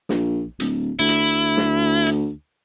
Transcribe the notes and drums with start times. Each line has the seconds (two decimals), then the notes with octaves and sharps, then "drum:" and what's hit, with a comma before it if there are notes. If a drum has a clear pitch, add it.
0.09 A#1, drum: snare
0.60 D1, drum: hi-hat
0.99 D2 E4
1.08 drum: hi-hat
1.57 drum: snare
2.06 drum: hi-hat